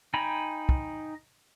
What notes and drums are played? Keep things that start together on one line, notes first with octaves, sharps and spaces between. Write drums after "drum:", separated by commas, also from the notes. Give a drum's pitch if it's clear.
D#4 G5 G#5 A#5 B5
drum: kick